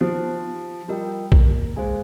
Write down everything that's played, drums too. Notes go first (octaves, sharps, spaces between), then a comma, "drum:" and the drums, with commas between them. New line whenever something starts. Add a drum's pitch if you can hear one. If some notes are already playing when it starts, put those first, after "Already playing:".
F3 D#4 G4 C5
G3 F4 A#4 D#5 G5
A#3, drum: kick A#1
G#3 G#4 C5 F5 G#5